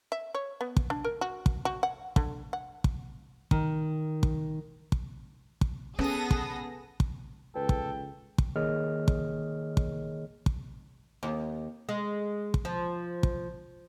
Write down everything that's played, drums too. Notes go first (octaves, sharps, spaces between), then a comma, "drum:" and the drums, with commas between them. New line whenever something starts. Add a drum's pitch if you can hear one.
E5
C#5
B3
drum: kick
D4
A#4
F#4
drum: kick
F#4
F#5
D3, drum: kick
F#5
drum: kick
D#3, drum: kick
drum: kick
drum: kick
drum: kick
B3 C#4 G#4 A4 D#6 A#6
drum: kick
drum: kick
C#2 A4 B4 G5
drum: kick
drum: kick
D#3 A#3 G#4 C#5 D#5 F6
drum: kick
drum: kick
drum: kick
D#2
G#3
drum: kick
F3
drum: kick